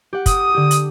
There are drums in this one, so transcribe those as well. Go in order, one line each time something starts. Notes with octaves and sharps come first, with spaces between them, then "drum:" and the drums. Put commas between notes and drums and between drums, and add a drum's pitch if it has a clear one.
G4 F#5
D#6, drum: kick, hi-hat
D3 G4
drum: hi-hat